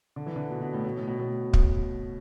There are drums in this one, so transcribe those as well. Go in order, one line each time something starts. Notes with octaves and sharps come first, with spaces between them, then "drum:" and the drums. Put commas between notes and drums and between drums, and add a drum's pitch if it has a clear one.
D3
E3
D3
B2
B2
A2
B2
A2
B2
B2
drum: kick